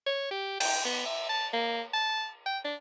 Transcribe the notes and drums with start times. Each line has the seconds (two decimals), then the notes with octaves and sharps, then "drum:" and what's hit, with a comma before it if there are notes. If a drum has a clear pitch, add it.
0.06 C#5
0.31 G4
0.60 G5, drum: cymbal
0.85 B3
1.06 E5
1.29 A5
1.53 A#3
1.93 A5
2.46 G5
2.64 D4